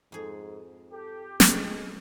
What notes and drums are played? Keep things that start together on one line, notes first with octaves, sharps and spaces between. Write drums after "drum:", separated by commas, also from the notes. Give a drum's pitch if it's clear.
F2 G#2 G#4
G4 A4
F2 G#3, drum: snare